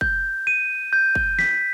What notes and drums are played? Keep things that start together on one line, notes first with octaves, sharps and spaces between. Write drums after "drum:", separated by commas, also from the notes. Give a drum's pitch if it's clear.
G6, drum: kick
D#7
G6
drum: kick
B6, drum: snare